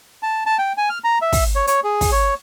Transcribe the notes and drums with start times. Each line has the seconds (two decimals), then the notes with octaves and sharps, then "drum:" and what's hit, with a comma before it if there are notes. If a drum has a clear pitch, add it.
0.23 A5
0.46 A5
0.58 G5
0.77 G#5
0.89 F6
1.04 A#5
1.22 E5
1.32 drum: kick, open hi-hat
1.55 C#5
1.67 C#5, drum: hi-hat
1.84 G#4
2.01 drum: kick, open hi-hat
2.12 C#5